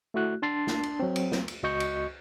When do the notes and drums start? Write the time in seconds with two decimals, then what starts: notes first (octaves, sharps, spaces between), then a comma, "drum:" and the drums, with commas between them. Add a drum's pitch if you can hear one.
0.14 A3 E4 F#4 F#6
0.42 D4 A5 C6 A6 C7
0.67 drum: snare
0.83 drum: cymbal
1.00 F#3 C4
1.16 drum: cymbal
1.32 drum: snare
1.48 drum: cymbal
1.63 C#2 F#4 D#5 C#6 G6 C#7
1.80 drum: cymbal